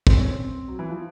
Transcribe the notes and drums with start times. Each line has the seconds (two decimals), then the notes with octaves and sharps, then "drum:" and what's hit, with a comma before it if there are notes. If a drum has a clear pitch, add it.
0.07 C4, drum: kick
0.17 C#4
0.28 C4
0.68 F#3
0.79 E3
0.90 F3